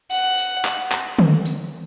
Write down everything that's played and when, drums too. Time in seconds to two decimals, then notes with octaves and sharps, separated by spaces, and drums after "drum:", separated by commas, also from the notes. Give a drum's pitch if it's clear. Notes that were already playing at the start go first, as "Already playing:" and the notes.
0.11 F#5, drum: tambourine
0.38 drum: tambourine
0.65 drum: clap
0.92 drum: clap
1.19 drum: tom D3
1.45 drum: tambourine